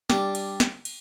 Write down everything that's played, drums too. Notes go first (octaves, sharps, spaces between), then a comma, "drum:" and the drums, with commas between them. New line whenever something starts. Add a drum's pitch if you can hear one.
G3 D4 D6, drum: snare
drum: cymbal
drum: snare
drum: cymbal